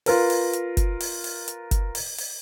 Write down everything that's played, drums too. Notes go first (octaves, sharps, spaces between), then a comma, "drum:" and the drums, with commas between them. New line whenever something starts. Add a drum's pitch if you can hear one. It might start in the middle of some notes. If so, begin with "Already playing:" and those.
F4 A#4 B4, drum: open hi-hat
drum: open hi-hat
drum: hi-hat
drum: kick F#1, hi-hat
drum: open hi-hat
drum: open hi-hat
drum: hi-hat
drum: kick F#1, hi-hat
drum: open hi-hat
drum: open hi-hat